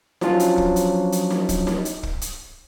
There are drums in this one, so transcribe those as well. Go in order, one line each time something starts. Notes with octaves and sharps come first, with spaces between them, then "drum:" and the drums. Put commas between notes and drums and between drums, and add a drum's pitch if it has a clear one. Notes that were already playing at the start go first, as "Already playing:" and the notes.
F3 F#3 C#4 D4 F4, drum: snare D#4
drum: hi-hat
drum: kick
drum: hi-hat
drum: hi-hat
drum: snare D#4
drum: kick, hi-hat
drum: snare D#4
drum: hi-hat
drum: kick
drum: hi-hat